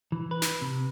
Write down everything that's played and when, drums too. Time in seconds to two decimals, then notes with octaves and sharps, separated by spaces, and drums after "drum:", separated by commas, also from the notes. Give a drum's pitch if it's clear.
0.12 E3
0.31 B4
0.42 drum: snare
0.62 C3